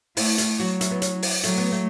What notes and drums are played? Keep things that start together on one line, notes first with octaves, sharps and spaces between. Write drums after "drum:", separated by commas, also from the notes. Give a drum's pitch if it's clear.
A3 E4, drum: open hi-hat
drum: hi-hat
F#3 F#4
E4, drum: hi-hat
B3
C#4, drum: hi-hat
drum: open hi-hat
F#3 A3, drum: hi-hat
B3
A3